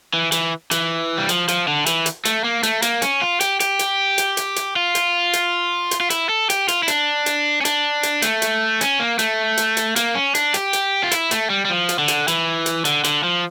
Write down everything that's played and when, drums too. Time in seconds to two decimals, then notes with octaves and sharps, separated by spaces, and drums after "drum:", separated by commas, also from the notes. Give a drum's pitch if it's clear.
0.13 E3
0.32 E3, drum: hi-hat
0.71 E3, drum: hi-hat
1.18 G3
1.29 F3, drum: hi-hat
1.48 F3, drum: hi-hat
1.68 D3
1.86 E3, drum: hi-hat
2.06 drum: hi-hat
2.25 A3, drum: hi-hat
2.44 A#3
2.63 A3, drum: hi-hat
2.82 A#3, drum: hi-hat
3.02 C#4, drum: hi-hat
3.22 F4
3.40 G4, drum: hi-hat
3.60 G4, drum: hi-hat
3.79 drum: hi-hat
4.18 drum: hi-hat
4.37 drum: hi-hat
4.56 drum: hi-hat
4.76 F4
4.95 drum: hi-hat
5.33 drum: hi-hat
5.91 drum: hi-hat
6.00 F4
6.10 E4, drum: hi-hat
6.29 A4
6.50 G4, drum: hi-hat
6.68 F4, drum: hi-hat
6.83 E4
6.88 D4, drum: hi-hat
7.26 drum: hi-hat
7.61 C#4
7.65 D4, drum: hi-hat
8.03 drum: hi-hat
8.22 A3, drum: hi-hat
8.42 drum: hi-hat
8.81 C#4, drum: hi-hat
9.00 A#3
9.19 A3, drum: hi-hat
9.57 drum: hi-hat
9.77 drum: hi-hat
9.96 A#3, drum: hi-hat
10.15 C#4
10.35 D4, drum: hi-hat
10.54 G4, drum: hi-hat
10.73 drum: hi-hat
11.03 F4
11.11 E4, drum: hi-hat
11.31 A3, drum: hi-hat
11.50 G3
11.65 G3
11.70 F3
11.89 drum: hi-hat
11.99 D3
12.08 drum: hi-hat
12.28 E3, drum: hi-hat
12.66 drum: hi-hat
12.85 D3, drum: hi-hat
13.04 D3, drum: hi-hat
13.23 F3